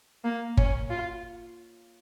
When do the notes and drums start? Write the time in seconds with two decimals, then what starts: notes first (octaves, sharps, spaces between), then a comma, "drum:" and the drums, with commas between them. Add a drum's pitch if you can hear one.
0.24 A#3
0.57 C#4, drum: kick G1
0.90 F4